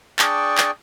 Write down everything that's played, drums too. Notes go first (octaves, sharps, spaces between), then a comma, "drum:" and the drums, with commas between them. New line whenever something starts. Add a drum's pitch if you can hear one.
D4 G#4 D5 G5 A5 C#6, drum: clap
drum: clap